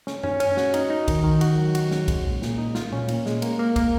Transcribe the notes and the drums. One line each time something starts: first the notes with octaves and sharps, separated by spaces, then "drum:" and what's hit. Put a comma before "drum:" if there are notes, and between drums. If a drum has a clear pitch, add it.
C#4, drum: snare
C#4, drum: tom F#2
C#4, drum: cymbal
F#4, drum: snare
D#4, drum: cymbal
D#4
D#3, drum: kick, cymbal
D#3
F#4, drum: cymbal
F#3
F#4, drum: cymbal
C#4, drum: snare
G#3, drum: kick, cymbal
A#2
A#2, drum: snare
D#4
F4, drum: snare
C#4, drum: tom A#2
A#2, drum: cymbal
G#3, drum: snare
A#3, drum: cymbal
A#3
A#3, drum: kick, cymbal